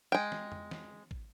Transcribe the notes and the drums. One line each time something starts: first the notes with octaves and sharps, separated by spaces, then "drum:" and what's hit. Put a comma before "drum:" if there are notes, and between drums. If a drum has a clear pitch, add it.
G#3 G5
drum: snare
drum: tom F2
drum: snare
drum: kick